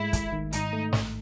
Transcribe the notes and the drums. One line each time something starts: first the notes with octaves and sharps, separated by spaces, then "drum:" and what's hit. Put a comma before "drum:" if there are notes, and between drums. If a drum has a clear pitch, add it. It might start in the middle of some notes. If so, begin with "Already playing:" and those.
Already playing: G#2 G#3 A3 E4
G#1, drum: kick, hi-hat
D#3
G#2 D#4, drum: hi-hat
A3
A1, drum: snare